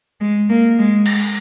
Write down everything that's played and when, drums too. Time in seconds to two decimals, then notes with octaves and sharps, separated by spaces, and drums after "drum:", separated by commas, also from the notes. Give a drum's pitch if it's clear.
0.21 G#3
0.50 A#3
0.79 G#3
1.05 drum: cymbal